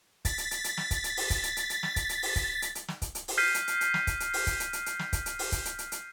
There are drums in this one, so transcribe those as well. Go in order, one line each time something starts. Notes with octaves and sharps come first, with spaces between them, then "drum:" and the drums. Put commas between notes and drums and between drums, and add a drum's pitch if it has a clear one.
A6 B6, drum: kick, hi-hat
drum: hi-hat
drum: hi-hat
drum: hi-hat
drum: snare
drum: kick, hi-hat
drum: hi-hat
drum: open hi-hat
drum: kick, hi-hat
drum: hi-hat
drum: hi-hat
drum: hi-hat
drum: snare
drum: kick, hi-hat
drum: hi-hat
drum: open hi-hat
drum: kick, hi-hat
drum: hi-hat
drum: hi-hat
drum: snare
drum: kick, hi-hat
drum: hi-hat
drum: open hi-hat
F6 G6 B6 C7 D#7
drum: hi-hat
drum: hi-hat
drum: hi-hat
drum: snare
drum: kick, hi-hat
drum: hi-hat
drum: open hi-hat
drum: kick, hi-hat
drum: hi-hat
drum: hi-hat
drum: hi-hat
drum: snare
drum: kick, hi-hat
drum: hi-hat
drum: open hi-hat
drum: kick, hi-hat
drum: hi-hat
drum: hi-hat
drum: hi-hat